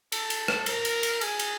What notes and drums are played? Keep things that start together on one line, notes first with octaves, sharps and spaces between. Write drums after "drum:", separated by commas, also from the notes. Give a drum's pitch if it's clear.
A4, drum: cymbal
drum: cymbal
drum: rim click
A#4, drum: cymbal
drum: cymbal
drum: cymbal
G#4, drum: cymbal
drum: cymbal